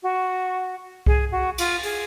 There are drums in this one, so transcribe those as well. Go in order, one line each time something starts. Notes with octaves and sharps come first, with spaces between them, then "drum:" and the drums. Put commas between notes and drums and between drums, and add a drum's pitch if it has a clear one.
F#4
G#4, drum: kick C2
F#4
F4, drum: cymbal
G#4, drum: open hi-hat